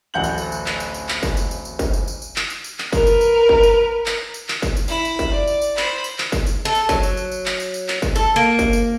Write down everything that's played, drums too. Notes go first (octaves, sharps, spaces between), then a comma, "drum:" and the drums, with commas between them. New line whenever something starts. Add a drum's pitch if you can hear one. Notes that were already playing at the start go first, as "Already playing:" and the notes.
D1 A1 F#5 G6 F#7
drum: tambourine
drum: tambourine
drum: tambourine
drum: clap
drum: tambourine
drum: tambourine
drum: clap
drum: kick, tambourine
drum: tambourine
drum: tambourine
drum: tambourine
drum: kick, tambourine
drum: tambourine
drum: tambourine
drum: tambourine
drum: clap
drum: tambourine
drum: tambourine
drum: clap
A#4 B4, drum: kick, tambourine
drum: tambourine
drum: tambourine
drum: kick
drum: tambourine
drum: clap
drum: tambourine
drum: clap
drum: kick, tambourine
drum: tambourine
E4 B5, drum: tambourine
drum: tambourine
drum: kick, tambourine
D5
drum: tambourine
drum: tambourine
C5 B5, drum: clap
drum: tambourine
drum: clap
drum: kick, tambourine
drum: tambourine
A4
drum: tambourine
F#3, drum: kick, tambourine
drum: tambourine
drum: tambourine
drum: tambourine
drum: clap
drum: tambourine
drum: tambourine
drum: clap
drum: kick, tambourine
A4, drum: tambourine
A#3
drum: kick, tambourine
drum: tambourine